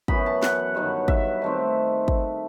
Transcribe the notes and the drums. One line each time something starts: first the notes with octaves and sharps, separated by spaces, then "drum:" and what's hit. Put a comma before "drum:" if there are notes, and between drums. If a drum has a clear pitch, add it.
F#2 E3 B3 B5, drum: kick
A5
F#5, drum: snare
G2 D#3 F#3
E5, drum: kick
D#3 A3 C4
drum: kick